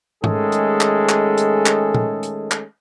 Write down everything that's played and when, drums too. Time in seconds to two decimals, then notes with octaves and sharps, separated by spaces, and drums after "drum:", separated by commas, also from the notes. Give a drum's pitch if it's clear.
0.24 D#3 G#3 A3 C#4 G#4 A4, drum: tom G#2
0.52 drum: hi-hat
0.81 drum: clap
1.09 drum: clap
1.38 drum: hi-hat
1.66 drum: clap
1.94 drum: tom
2.23 drum: hi-hat
2.51 drum: clap